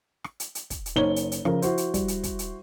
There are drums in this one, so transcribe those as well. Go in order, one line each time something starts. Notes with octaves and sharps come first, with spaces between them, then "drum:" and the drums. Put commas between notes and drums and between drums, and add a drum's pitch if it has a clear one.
drum: rim click
drum: hi-hat
drum: hi-hat
drum: kick, hi-hat
drum: hi-hat
F#1 D#4 C5 C#5 G7
drum: hi-hat
drum: hi-hat
C#3 F3 A#4, drum: rim click
E4 F#4 C5, drum: hi-hat
drum: hi-hat
G3, drum: kick, hi-hat
drum: hi-hat
drum: kick, hi-hat
drum: hi-hat